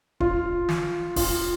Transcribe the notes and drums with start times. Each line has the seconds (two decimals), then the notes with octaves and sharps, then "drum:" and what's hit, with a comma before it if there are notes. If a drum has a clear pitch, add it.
0.20 F4, drum: kick
0.69 drum: snare
1.16 F4, drum: kick, open hi-hat